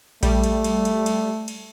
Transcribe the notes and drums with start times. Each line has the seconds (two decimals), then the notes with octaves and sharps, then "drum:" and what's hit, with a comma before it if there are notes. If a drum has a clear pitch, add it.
0.23 G3 A3, drum: kick A#1, cymbal
0.44 drum: cymbal
0.64 drum: cymbal
0.85 drum: cymbal
1.06 drum: cymbal
1.48 drum: cymbal